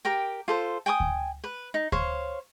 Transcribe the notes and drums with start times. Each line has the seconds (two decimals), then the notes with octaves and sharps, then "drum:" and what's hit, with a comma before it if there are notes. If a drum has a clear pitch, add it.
0.05 G4 A#4 G5
0.48 F4 A4 C5
0.86 G5 G#5 C6 D#6
1.00 drum: kick D2
1.44 B4
1.74 D#4
1.92 C5 C#5 F5, drum: kick D2